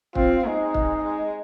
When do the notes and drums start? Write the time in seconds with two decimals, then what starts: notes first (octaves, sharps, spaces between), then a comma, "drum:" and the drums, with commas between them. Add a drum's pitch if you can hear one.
0.15 C4 F4, drum: kick
0.45 G#3 D#4
0.74 drum: kick
1.04 G#3